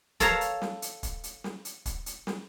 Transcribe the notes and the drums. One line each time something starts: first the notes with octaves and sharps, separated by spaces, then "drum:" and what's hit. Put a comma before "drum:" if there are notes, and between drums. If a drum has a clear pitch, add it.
A4 C#5 F5 A5 A#5, drum: kick, hi-hat
drum: hi-hat
drum: snare
drum: hi-hat
drum: kick, hi-hat
drum: hi-hat
drum: snare
drum: hi-hat
drum: kick, hi-hat
drum: hi-hat
drum: snare